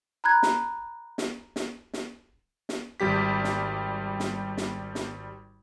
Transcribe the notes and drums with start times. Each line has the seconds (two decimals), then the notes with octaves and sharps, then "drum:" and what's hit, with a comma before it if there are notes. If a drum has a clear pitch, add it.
0.24 A#5 B5 F#6 G#6
0.43 drum: snare
1.18 drum: snare
1.56 drum: snare
1.94 drum: snare
2.69 drum: snare
3.00 G#1 G3 G4 B6
3.44 drum: snare
4.20 drum: snare
4.57 drum: snare
4.95 drum: snare